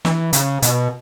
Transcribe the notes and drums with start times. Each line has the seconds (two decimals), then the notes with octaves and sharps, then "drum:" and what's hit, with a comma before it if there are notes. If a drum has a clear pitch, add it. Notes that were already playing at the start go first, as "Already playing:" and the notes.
0.05 E3, drum: snare
0.33 C#3, drum: hi-hat
0.62 B2, drum: hi-hat